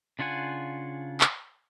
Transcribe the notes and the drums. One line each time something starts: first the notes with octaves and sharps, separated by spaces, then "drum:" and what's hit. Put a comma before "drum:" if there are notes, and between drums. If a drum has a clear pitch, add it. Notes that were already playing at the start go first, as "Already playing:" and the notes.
C#3 D4 F4 F#5 G#5
drum: clap